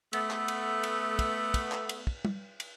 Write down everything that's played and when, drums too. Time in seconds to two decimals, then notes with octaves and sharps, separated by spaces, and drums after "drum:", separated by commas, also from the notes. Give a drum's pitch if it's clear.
0.13 A3 B3, drum: cymbal
0.31 drum: clap
0.48 drum: cymbal
0.83 drum: cymbal
1.19 drum: kick, cymbal
1.54 drum: kick, cymbal
1.72 drum: clap
1.89 drum: cymbal
2.07 drum: kick
2.25 drum: tom
2.60 drum: cymbal